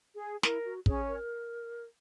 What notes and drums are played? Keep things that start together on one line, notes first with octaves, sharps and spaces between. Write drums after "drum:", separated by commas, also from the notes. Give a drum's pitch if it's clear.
G#4
E4 A#4, drum: snare
F#4
C#4 G#4 C#5, drum: kick
A#4